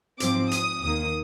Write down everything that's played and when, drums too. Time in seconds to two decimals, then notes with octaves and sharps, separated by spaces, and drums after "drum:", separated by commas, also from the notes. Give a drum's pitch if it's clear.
0.20 G#2 F3 C4 D6, drum: hi-hat
0.51 D#6, drum: hi-hat
0.82 D#2 D#3 A#3 D#6